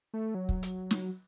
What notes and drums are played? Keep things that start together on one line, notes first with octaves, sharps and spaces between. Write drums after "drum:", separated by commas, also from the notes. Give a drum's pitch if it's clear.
A3
F#3
drum: kick
drum: hi-hat
drum: snare